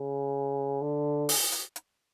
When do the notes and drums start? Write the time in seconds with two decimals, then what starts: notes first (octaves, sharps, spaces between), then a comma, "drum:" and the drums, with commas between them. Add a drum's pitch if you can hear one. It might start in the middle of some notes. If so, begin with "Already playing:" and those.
Already playing: C#3
0.82 D3
1.29 drum: open hi-hat
1.52 drum: hi-hat
1.76 drum: hi-hat